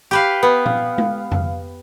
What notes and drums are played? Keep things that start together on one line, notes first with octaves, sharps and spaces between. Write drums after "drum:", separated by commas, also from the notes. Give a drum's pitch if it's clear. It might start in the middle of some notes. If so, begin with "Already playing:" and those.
G4 B4 F5
B3 B4
F5, drum: tom A#2
drum: tom G#3
drum: tom F2